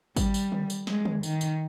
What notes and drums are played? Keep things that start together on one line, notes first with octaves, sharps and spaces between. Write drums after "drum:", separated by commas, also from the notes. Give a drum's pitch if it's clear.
G3, drum: kick G#1, tambourine
drum: tambourine
drum: tom D3
drum: tambourine
G#3, drum: snare
drum: tom D3
D#3, drum: tambourine
drum: tambourine